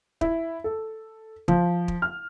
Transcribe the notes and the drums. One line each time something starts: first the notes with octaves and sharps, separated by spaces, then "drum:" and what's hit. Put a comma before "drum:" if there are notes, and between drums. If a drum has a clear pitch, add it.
E4, drum: kick
A4
F3, drum: kick
drum: kick
F6